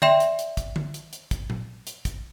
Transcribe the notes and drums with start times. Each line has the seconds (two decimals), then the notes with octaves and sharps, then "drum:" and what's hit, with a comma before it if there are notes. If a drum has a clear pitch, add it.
0.02 D5 E5 G5 C6 E7, drum: tom D3
0.20 drum: hi-hat
0.39 drum: hi-hat
0.57 drum: kick, hi-hat
0.76 drum: tom D3
0.94 drum: hi-hat
1.13 drum: hi-hat
1.31 drum: kick, hi-hat
1.50 drum: tom A#2
1.87 drum: hi-hat
2.05 drum: kick, hi-hat